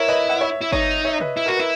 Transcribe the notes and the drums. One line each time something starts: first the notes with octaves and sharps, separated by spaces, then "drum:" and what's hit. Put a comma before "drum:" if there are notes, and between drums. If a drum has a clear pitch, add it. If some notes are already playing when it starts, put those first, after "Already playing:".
Already playing: E4 A#4 C#5 E5
B4 D#5
F#5
C#5 E5
E4
D#4 C#5 E5, drum: kick G1
C#5 E5
B4 D#5, drum: tom
E4
F#4 A#4
E4 B4